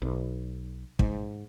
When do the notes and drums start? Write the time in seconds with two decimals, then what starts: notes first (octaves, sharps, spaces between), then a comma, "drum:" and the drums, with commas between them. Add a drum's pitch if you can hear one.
0.02 B1
0.99 G#2, drum: kick